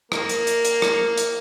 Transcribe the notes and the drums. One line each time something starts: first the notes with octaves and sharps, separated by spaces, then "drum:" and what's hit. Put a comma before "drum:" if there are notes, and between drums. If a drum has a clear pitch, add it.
A#3, drum: rim click
drum: hi-hat
drum: hi-hat
drum: hi-hat
drum: rim click
drum: hi-hat